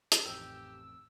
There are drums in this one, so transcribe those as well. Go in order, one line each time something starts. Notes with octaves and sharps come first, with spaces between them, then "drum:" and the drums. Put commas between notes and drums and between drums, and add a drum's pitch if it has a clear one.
drum: hi-hat
A1 F2 D#3 F3 G4 A#4 E6